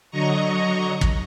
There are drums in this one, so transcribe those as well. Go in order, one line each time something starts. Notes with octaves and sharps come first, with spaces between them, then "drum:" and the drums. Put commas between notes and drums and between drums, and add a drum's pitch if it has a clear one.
D3 F#3 D#5 A#5 C#6
drum: kick